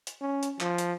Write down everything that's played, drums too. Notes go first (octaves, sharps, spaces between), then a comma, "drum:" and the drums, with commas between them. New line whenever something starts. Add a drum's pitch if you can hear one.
drum: hi-hat
C#4
drum: hi-hat
F3, drum: clap
drum: hi-hat